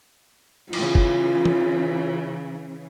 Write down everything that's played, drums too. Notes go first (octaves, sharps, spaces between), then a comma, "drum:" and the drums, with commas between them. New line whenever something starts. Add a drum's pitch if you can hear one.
C#3 E3 F4, drum: cymbal
drum: kick F#1
drum: tom E3